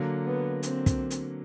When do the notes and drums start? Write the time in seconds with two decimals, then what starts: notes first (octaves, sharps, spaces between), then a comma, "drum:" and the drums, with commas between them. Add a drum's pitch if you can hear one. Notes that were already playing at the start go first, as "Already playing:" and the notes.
Already playing: D3 F#3 A#3
0.26 B3
0.63 C4, drum: hi-hat
0.86 drum: kick, hi-hat
1.10 drum: hi-hat